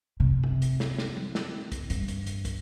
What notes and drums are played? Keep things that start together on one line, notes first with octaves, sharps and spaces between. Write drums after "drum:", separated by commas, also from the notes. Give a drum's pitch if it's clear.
C3
drum: tom
drum: hi-hat
drum: snare
drum: snare
drum: tom
drum: snare
drum: kick, hi-hat
G2, drum: hi-hat
drum: kick, hi-hat
drum: hi-hat
drum: kick, hi-hat